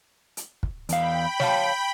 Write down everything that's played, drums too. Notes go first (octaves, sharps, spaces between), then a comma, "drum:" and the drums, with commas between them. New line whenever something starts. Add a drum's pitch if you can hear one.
drum: hi-hat
drum: kick
E2 F5 G5 B5, drum: hi-hat
C#5 F5 A5, drum: snare